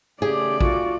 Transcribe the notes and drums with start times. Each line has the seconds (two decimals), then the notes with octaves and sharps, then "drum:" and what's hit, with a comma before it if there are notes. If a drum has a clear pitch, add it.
0.22 C#3 A3 G4 G#4 D5
0.61 F4 F#4, drum: kick